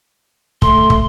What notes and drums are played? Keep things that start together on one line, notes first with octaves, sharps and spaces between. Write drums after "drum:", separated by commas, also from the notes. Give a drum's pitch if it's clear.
A3 C6, drum: kick
drum: kick